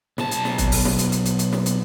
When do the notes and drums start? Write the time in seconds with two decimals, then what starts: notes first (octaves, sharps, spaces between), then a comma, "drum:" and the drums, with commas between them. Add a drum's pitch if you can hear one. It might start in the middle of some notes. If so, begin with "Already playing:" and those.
0.18 B1 A5, drum: snare
0.31 drum: hi-hat
0.45 drum: snare
0.58 drum: kick, hi-hat
0.72 drum: open hi-hat
0.85 drum: snare
0.99 drum: hi-hat
1.12 drum: hi-hat
1.26 drum: hi-hat
1.39 drum: hi-hat
1.52 drum: snare
1.66 drum: hi-hat